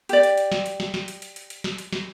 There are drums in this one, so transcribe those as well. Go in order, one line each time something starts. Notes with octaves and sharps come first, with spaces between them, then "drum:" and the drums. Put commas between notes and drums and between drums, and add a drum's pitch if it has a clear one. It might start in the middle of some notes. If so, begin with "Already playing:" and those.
G4 D5, drum: hi-hat
drum: hi-hat
drum: hi-hat
drum: snare
drum: hi-hat
drum: snare
drum: snare
drum: hi-hat
drum: hi-hat
drum: hi-hat
drum: hi-hat
drum: snare
drum: hi-hat
drum: snare